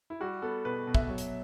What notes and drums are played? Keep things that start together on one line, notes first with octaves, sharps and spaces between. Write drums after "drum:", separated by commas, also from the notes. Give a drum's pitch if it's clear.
E4
G3 F#4
B3 A4
B2 B4
B2
E5, drum: kick
F#3
drum: hi-hat